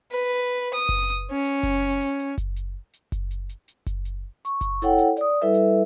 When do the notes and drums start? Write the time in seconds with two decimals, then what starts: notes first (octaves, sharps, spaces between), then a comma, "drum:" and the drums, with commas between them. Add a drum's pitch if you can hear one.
0.12 B4
0.74 D#6
0.89 drum: kick F#1, hi-hat
1.07 drum: hi-hat
1.31 C#4
1.45 drum: hi-hat
1.63 drum: kick F#1, hi-hat
1.82 drum: hi-hat
2.00 drum: hi-hat
2.19 drum: hi-hat
2.38 drum: kick F#1, hi-hat
2.56 drum: hi-hat
2.93 drum: hi-hat
3.12 drum: kick F#1, hi-hat
3.31 drum: hi-hat
3.49 drum: hi-hat
3.68 drum: hi-hat
3.86 drum: kick F#1, hi-hat
4.05 drum: hi-hat
4.45 C#6, drum: hi-hat
4.61 drum: kick F#1, hi-hat
4.82 E4 A4 C#5 F#5 G5, drum: hi-hat
4.98 drum: hi-hat
5.17 D5 D#6, drum: hi-hat
5.42 G3 E4 A4 B4 E5
5.54 drum: hi-hat